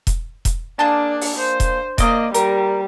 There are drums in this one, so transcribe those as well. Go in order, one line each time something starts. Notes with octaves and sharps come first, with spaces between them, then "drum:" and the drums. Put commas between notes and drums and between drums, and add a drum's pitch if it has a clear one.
drum: kick E1, hi-hat
drum: kick E1, hi-hat
A#3 D4 G#4 A5
drum: open hi-hat
C5
drum: kick E1, hi-hat
A#3 D5 D#5, drum: kick E1, hi-hat
G3 A#4, drum: hi-hat